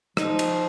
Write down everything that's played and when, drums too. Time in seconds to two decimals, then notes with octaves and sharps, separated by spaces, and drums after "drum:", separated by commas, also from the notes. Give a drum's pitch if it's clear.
0.17 F3 D#4, drum: rim click
0.39 drum: cymbal